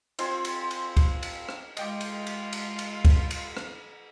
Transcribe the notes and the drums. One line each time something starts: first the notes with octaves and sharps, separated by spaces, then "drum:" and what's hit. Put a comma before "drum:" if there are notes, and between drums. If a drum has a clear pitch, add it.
C4 F4 G#5 C6, drum: cymbal
drum: cymbal
drum: cymbal
drum: kick, cymbal
drum: cymbal
drum: rim click
G#3 F4 D#5 G5 D6, drum: cymbal
drum: cymbal
drum: cymbal
drum: cymbal
drum: cymbal
drum: kick, cymbal
drum: cymbal
drum: rim click